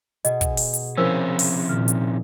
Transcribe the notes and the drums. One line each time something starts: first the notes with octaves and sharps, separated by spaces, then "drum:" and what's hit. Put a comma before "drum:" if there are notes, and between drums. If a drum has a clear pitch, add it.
B2 G#4 D#5, drum: hi-hat
drum: kick, hi-hat
drum: open hi-hat
drum: hi-hat
C3 F3 C#4 E4 A#4 C5 E6
drum: open hi-hat
A#2 D#3 F6
drum: hi-hat